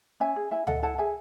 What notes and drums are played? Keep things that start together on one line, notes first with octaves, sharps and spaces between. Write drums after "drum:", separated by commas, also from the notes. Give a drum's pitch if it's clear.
C#4 E5 G#5
G#4
E4 E5 G#5
A4 D#5 F#5, drum: tom D2
E4 F#5 A5
G#4 E5 G#5